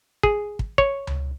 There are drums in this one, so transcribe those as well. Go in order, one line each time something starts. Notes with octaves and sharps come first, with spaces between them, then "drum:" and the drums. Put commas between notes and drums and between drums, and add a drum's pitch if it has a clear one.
G#4, drum: kick
drum: kick
C#5, drum: kick
drum: tom C#2